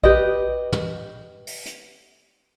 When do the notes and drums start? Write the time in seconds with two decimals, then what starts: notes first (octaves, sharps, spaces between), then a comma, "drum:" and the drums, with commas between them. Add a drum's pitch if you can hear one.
0.04 G4 B4 D#5, drum: kick A#1
0.72 drum: tom
1.47 drum: open hi-hat
1.66 drum: hi-hat